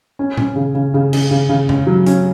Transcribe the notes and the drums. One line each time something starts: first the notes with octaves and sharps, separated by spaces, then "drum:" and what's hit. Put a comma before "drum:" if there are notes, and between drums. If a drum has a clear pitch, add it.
C#4
C#4, drum: tom A#2
C#3
C#3
C#3
C#3, drum: cymbal
C#3
C#3
C#4, drum: tom F#2
F#3
C#4, drum: hi-hat